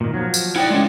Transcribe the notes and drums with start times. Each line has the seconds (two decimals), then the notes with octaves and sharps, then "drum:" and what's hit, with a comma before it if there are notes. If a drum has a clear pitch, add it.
0.01 A#2 D#3
0.14 F3 F#3
0.34 drum: tambourine
0.56 E4 D5 F#5 G5
0.70 G#3 C#4